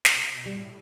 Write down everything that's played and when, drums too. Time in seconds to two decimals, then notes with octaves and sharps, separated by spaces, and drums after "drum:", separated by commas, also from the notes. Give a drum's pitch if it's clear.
0.05 drum: snare
0.16 C3
0.36 B2
0.46 G3
0.56 A2